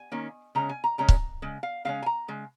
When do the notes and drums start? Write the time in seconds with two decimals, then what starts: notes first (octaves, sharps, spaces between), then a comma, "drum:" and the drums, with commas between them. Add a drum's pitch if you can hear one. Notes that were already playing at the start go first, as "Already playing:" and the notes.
Already playing: G#5
0.12 D#3 A#3 C#4
0.55 C#3 G#3 C#4 A#5
0.69 G#5
0.84 A#5
0.98 C#3 G#3 C#4 A#5
1.09 drum: kick C#1
1.42 C#3 G#3
1.63 F5
1.85 C#3 G#3 C#4 F5
2.03 G#5
2.06 A#5
2.28 C#3 G#3